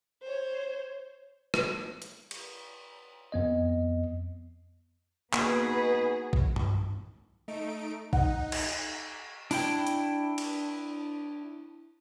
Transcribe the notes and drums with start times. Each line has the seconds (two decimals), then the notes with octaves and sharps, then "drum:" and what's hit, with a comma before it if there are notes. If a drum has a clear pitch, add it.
0.23 C5 C#5
1.54 drum: rim click
2.02 drum: hi-hat
2.31 drum: cymbal
3.32 F2 B3 D#5
5.33 A#3 B3 D#4 F#4 G#4 B4, drum: clap
6.33 drum: kick A#1
6.56 drum: tom G2
7.48 A3 D#4 D7
8.13 D#4 F#5, drum: kick A#1
8.52 drum: cymbal
9.51 D4 E4 G5, drum: open hi-hat
9.87 drum: hi-hat
10.38 drum: cymbal